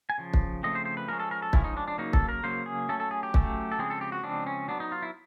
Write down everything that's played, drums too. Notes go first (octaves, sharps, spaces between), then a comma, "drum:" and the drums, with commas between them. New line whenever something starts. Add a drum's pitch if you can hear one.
G#5
C#3 F3
drum: kick
C#3 F3 A3 C4 D#5
C5
C5
B4
F3 G#3 C#4 A#4
A4
A#4
A4
F3 G#3 C#4 E4, drum: kick
D#4
D4
D4
C#3 F#3 A#3 D#4
A4, drum: kick
A#4
C#3 F#3 A#3 C5
G#4
F#3 A3 C#4 A4
A4
G#4
G4
F#3 A3 C#4, drum: kick
A4
C#3 F3 G#3 C4 G#4
A4
G4
F#4
C#3 F3 G#3 C4 D4
C#4
F#3 B3 D4
D#4
F4
E4